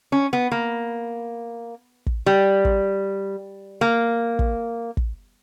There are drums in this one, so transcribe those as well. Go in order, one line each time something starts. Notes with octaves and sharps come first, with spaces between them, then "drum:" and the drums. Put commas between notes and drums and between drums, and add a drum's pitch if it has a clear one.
C#4
B3
A#3
drum: kick
G3
drum: kick
A#3
drum: kick
drum: kick